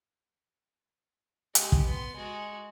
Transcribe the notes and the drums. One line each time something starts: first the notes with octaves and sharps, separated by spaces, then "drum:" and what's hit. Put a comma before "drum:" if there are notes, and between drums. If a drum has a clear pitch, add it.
G#3 G4, drum: hi-hat
drum: kick
B3 C6
G#3 F#4